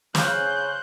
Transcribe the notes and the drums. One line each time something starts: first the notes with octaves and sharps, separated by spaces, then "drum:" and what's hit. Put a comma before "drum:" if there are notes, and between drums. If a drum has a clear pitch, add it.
C#3 C5 F5 F#6 G6, drum: snare